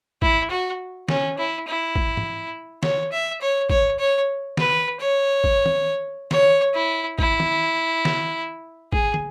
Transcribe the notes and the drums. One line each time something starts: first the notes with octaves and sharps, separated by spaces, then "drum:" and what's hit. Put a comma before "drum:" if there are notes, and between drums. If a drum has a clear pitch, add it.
E4, drum: kick A1
F#4
C#4, drum: snare
E4
E4
drum: kick A1
drum: tom
C#5, drum: snare
E5
C#5
C#5, drum: kick A1
C#5
B4, drum: snare
C#5
drum: kick A1
drum: tom
C#5, drum: snare
E4
E4, drum: kick A1
drum: tom
drum: snare
G#4, drum: kick A1
drum: tom